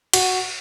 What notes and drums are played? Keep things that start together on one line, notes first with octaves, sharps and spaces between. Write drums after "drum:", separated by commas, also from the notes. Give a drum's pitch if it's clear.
F#4, drum: cymbal